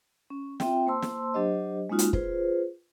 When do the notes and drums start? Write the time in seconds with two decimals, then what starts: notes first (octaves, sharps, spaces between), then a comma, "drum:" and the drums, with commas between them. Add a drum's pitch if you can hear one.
0.30 C#4
0.60 C4 F4 E5 G5, drum: snare
0.87 A#3 C5 A5 C6 E6
1.02 drum: snare
1.34 F#3 D4 G4 C5 D#5
1.90 G#3 A#3 C#4 D#4 F4 F#4
1.99 drum: hi-hat
2.13 F4 G#4 B4 C5, drum: kick